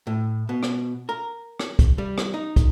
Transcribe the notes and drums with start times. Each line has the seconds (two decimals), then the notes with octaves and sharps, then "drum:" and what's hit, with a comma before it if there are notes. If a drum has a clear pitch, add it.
0.07 A2
0.49 B2
0.63 drum: rim click
1.09 A#4
1.59 drum: rim click
1.79 drum: kick, hi-hat
1.98 G3
2.18 drum: rim click
2.34 D#4
2.56 drum: kick, hi-hat